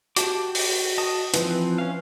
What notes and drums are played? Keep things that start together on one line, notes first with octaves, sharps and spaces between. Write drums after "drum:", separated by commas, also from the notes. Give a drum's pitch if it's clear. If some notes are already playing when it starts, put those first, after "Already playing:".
F#4 G4 A5 D6, drum: hi-hat
drum: open hi-hat
D#5 A5 D#6
E3 F3 C4 B4, drum: hi-hat
C#4 F5